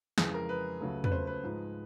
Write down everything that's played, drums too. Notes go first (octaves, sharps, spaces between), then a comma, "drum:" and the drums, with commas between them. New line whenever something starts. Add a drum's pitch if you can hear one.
F2 C#3 E3 G#3 G#4, drum: snare
A#4
B4
C#2 C#3 F#3 A3
B4, drum: tom
C5
B4
G#2 F3 G#3